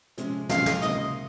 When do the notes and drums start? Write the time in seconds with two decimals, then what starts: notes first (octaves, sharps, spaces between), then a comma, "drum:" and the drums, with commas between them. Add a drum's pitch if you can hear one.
0.18 C3 F3 G#3 C#4, drum: hi-hat
0.49 C3 F3 G#3 C#4 F5, drum: snare
0.66 drum: snare
0.82 C#2 C3 D#3 A#3 D#5, drum: hi-hat